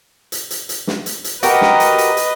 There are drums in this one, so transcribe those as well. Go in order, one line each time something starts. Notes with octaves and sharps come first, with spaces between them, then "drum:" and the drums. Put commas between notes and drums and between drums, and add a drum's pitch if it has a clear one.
drum: hi-hat
drum: hi-hat
drum: hi-hat
drum: snare
drum: hi-hat
drum: hi-hat
F#4 G4 A#4 B4 D#5, drum: hi-hat
drum: snare
drum: hi-hat
drum: hi-hat
drum: hi-hat